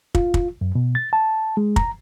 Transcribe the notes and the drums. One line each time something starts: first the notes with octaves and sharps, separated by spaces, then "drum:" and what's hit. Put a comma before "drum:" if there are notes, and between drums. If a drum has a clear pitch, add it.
F4, drum: kick
drum: kick
F#2
B2
A6
A5
G#3
A#5, drum: kick